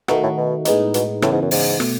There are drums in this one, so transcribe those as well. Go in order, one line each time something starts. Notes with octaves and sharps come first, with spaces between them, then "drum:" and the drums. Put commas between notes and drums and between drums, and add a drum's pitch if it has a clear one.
B2 D#3 A3 D#4 F#4, drum: rim click
A2
B2
A2 G#3 B3 D#4, drum: hi-hat
B2, drum: hi-hat
A2 C#3 E3 B3, drum: rim click
G#2
F#2
G#2, drum: open hi-hat
B2 A3, drum: rim click